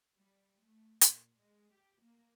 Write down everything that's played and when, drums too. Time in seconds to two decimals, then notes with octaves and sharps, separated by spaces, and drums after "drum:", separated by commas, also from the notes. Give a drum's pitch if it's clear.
0.16 G3
0.62 A3
1.01 A#2, drum: hi-hat
1.38 G#3
1.73 G4
2.02 A#3